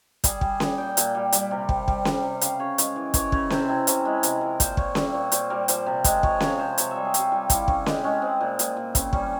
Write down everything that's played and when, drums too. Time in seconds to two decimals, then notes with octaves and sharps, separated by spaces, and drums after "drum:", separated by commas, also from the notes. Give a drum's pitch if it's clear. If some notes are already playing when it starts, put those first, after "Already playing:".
0.24 G3 G#4, drum: kick, hi-hat
0.41 G3, drum: kick
0.60 G3, drum: snare C#4
0.78 A#2 G5
0.97 A#2, drum: hi-hat
1.15 G3
1.32 G3, drum: hi-hat
1.51 C3
1.69 C3, drum: kick
1.88 G3, drum: kick
2.05 G3, drum: snare C#4
2.23 C3
2.41 C#3 F5, drum: hi-hat
2.60 C#3 C#5
2.78 G#3, drum: hi-hat
2.96 E3
3.14 E3 C#5, drum: kick, hi-hat
3.32 C#3 C#5, drum: kick
3.50 C3 C5, drum: snare C#4
3.69 C3 E4
3.87 C3 C#4, drum: hi-hat
4.05 G#3 E4
4.23 C3, drum: hi-hat
4.41 F3 A#4
4.60 A#2 C5, drum: kick, hi-hat
4.77 A#2 C#5, drum: kick
4.95 G3 E5, drum: snare C#4
5.14 A#2 C#5
5.32 A#2 C5, drum: hi-hat
5.50 G3 A#4
5.68 F3 C5, drum: hi-hat
5.86 C3
6.04 G#3, drum: kick, hi-hat
6.23 F3 C#5, drum: kick
6.40 C3 C#5, drum: snare C#4
6.59 C3 C5
6.78 C3 C#5, drum: hi-hat
6.91 G3 E5
7.05 G#4
7.14 G3 G4, drum: hi-hat
7.32 G3 F4
7.50 G3 E4, drum: kick, hi-hat
7.68 C3 C#4, drum: kick
7.86 G#3 G4, drum: snare C#4
8.04 G#3 C#4
8.22 G#3 C4
8.41 A#2
8.59 A#2, drum: hi-hat
8.77 A#2
8.95 C#3 C4, drum: kick, hi-hat
9.13 G3 C#4, drum: kick